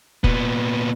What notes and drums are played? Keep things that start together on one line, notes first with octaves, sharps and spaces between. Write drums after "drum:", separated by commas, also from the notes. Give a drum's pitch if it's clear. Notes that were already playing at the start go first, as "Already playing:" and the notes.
A#2 B3, drum: kick